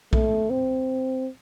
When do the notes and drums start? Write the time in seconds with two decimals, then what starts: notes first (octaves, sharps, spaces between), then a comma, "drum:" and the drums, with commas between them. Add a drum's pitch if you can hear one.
0.13 A3, drum: kick B1
0.50 C4